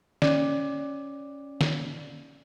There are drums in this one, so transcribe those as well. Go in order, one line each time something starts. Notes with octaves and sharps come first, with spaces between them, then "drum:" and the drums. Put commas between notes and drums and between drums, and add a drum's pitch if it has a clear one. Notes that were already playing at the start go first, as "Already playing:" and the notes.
C#4 D5, drum: snare
drum: snare